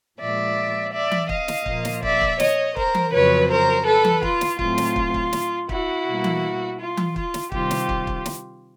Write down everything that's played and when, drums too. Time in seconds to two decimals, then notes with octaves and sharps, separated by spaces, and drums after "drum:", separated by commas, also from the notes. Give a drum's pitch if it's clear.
0.19 A#2 F3 G#3 D5 E5
0.93 D5 E5
1.11 drum: tom E3
1.29 D#5 F5, drum: kick
1.48 drum: snare
1.66 A#2 F3 A#3, drum: kick
1.85 drum: snare
2.03 D5 E5, drum: kick
2.21 drum: kick
2.40 C#5 D#5, drum: snare
2.76 A#4 C5, drum: kick
2.95 drum: tom E3
3.12 F2 C#3 F#3 B4 C#5
3.49 A#4 C5
3.86 A4 B4
4.04 drum: tom E3
4.23 F4, drum: kick
4.41 drum: snare
4.59 A2 F#3 A3 C4 F4, drum: kick
4.78 drum: snare
4.96 drum: kick
5.14 drum: kick
5.33 drum: snare
5.69 E4 F#4, drum: kick
6.06 B2 G3 A#3
6.24 drum: tom E3
6.80 F4
6.97 drum: tom E3
7.16 F4, drum: kick
7.34 drum: snare
7.52 C3 D#3 G3 C4 F4 G4, drum: kick
7.71 drum: snare
7.89 drum: kick
8.07 drum: kick
8.26 drum: snare